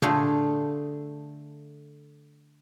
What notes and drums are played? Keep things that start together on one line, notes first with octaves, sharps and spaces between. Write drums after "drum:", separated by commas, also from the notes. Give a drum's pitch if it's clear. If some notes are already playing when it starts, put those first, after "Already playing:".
D3 A3 F4 G4 G#4, drum: tom A#2